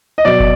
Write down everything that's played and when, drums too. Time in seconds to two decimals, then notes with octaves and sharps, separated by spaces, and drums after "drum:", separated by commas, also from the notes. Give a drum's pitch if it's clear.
0.18 D#5
0.25 B2 F#3 D5
0.40 drum: kick